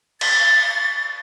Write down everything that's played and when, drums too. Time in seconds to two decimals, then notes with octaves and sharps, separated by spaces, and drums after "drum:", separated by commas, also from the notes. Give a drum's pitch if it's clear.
0.21 A6, drum: cymbal